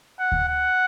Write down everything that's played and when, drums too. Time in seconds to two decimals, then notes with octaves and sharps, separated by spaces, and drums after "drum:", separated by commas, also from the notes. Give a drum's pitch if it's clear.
0.19 F#5
0.32 drum: kick D2
0.48 F#5